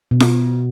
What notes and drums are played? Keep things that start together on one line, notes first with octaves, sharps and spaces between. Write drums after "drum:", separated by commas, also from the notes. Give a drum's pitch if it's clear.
B2
drum: snare F4